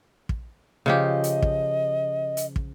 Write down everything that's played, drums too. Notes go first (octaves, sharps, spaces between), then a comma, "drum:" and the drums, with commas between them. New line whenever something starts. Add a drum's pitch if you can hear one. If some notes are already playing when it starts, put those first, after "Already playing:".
drum: kick
C#3 F3 G4 D#5
drum: hi-hat
drum: kick
drum: hi-hat
drum: kick